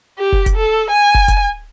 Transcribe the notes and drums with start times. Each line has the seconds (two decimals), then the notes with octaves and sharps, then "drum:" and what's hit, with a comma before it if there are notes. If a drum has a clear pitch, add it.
0.19 G4
0.32 drum: kick
0.46 drum: kick, hi-hat
0.56 A4
0.91 G#5
1.15 drum: kick
1.28 drum: kick, hi-hat